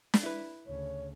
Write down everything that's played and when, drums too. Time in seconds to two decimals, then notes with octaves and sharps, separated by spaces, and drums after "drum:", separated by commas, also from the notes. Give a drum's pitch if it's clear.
0.14 drum: snare
0.23 E4 B4
0.67 D2 C#3 C#5